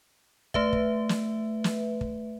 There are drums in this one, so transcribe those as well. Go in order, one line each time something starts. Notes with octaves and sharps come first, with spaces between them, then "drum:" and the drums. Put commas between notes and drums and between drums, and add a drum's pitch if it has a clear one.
A3 B4 E5, drum: kick
drum: kick
drum: snare
drum: snare
drum: kick